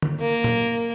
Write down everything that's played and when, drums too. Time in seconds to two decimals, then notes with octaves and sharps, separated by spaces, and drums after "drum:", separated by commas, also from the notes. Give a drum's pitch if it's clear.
0.02 drum: tom D3
0.20 A#3
0.44 drum: tom A#2